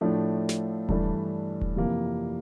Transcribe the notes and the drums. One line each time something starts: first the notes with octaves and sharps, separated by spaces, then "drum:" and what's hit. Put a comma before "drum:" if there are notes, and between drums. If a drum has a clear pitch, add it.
A2 F3 A3 D4
drum: snare
G2 E3 A3 D4, drum: kick D#1
drum: kick D#1
F2 C3 E3 A#3